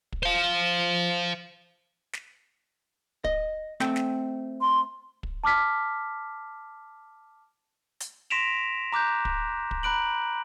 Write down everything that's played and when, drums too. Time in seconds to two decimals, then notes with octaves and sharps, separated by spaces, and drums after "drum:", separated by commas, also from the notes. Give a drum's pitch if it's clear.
0.12 drum: kick
0.23 C5 F5
2.13 drum: snare
3.24 D#5, drum: kick
3.80 A3 C4 G5, drum: snare
3.96 drum: snare
4.61 C6
5.23 drum: kick
5.44 A5 D6 F6 B6
8.00 drum: hi-hat
8.30 C6 A#6 B6 D7 E7 F7
8.92 A#5 D6 F#6 G6
9.25 drum: kick
9.71 drum: kick
9.83 A#5 B5 F#6 D7 F#7